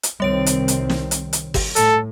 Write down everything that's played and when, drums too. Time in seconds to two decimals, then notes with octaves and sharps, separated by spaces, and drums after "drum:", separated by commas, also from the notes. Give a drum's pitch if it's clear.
0.03 drum: hi-hat
0.20 C2 D#3 G3 C4 C#5 D7
0.46 drum: hi-hat
0.68 drum: hi-hat
0.90 drum: snare
1.11 drum: hi-hat
1.33 drum: hi-hat
1.54 drum: kick G1, open hi-hat
1.76 A2 A4, drum: hi-hat